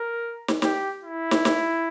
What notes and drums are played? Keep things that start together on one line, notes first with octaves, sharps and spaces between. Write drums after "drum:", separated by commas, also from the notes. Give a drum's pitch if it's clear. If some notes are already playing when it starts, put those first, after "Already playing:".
Already playing: A#4
drum: snare
G4, drum: snare
E4
drum: snare
drum: snare